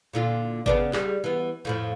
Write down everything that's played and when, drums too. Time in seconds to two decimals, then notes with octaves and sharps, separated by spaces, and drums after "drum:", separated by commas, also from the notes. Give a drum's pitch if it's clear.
0.13 A#2 D3 F4
0.66 C#3 B3 D4, drum: kick G1
0.93 G3 G#4, drum: clap
1.24 E3 B3
1.65 F2 A2 F3